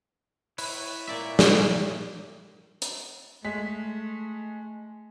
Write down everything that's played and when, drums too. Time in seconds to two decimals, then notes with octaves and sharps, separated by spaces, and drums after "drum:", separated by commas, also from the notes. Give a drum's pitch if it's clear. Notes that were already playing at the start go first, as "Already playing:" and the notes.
0.58 E4 B4 C#5, drum: open hi-hat
1.07 A#2 D5 E5
1.39 drum: snare
2.82 drum: hi-hat
3.44 G#3 A3 B6